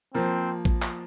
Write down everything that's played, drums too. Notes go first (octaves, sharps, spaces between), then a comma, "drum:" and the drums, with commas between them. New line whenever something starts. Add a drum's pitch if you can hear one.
F3 A#3 C4
drum: kick A1
drum: clap